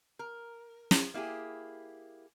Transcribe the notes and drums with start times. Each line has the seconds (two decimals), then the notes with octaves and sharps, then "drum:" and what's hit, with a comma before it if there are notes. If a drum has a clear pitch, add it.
0.19 A#4
0.91 drum: snare
1.14 A#3 E4 G4 G#4